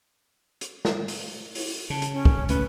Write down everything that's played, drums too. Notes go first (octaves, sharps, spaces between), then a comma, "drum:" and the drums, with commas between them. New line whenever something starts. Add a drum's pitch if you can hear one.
drum: hi-hat
drum: snare
drum: open hi-hat
drum: open hi-hat
C#3 A5
drum: hi-hat
C#4
drum: kick
C#2 A3 C#4 B4, drum: hi-hat